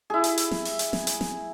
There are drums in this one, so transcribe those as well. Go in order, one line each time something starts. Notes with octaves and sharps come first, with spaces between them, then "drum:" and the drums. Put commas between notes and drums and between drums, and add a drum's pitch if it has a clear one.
E4 G#4
drum: hi-hat
drum: hi-hat
drum: snare
drum: open hi-hat
drum: hi-hat
drum: snare
drum: hi-hat
drum: snare